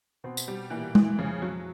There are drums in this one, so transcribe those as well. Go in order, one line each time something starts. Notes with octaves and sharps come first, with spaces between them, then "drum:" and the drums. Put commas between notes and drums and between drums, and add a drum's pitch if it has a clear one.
B2 B3 C4
drum: tambourine
G3
A#2 E3 A#3
E3, drum: tom G#3
F2 C#3 F3
F#3